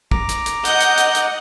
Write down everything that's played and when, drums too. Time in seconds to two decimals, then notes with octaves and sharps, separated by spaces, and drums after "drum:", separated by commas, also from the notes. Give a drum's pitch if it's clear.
0.11 A#5 D6, drum: kick
0.29 drum: hi-hat
0.46 drum: hi-hat
0.65 D#5 F#5 G6, drum: hi-hat
0.80 drum: hi-hat
0.97 drum: hi-hat
1.15 drum: hi-hat